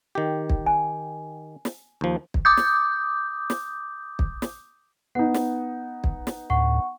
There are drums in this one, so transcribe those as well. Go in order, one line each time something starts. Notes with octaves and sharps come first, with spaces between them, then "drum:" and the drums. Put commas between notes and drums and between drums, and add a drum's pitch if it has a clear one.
D#3 G4
drum: kick
G#5
drum: snare
D#2 F3
drum: kick
D6 D#6 G6
drum: snare
drum: snare
drum: kick
drum: snare
B3 D#4 F#5
drum: snare
drum: kick
drum: snare
D2 A2 F#5 C#6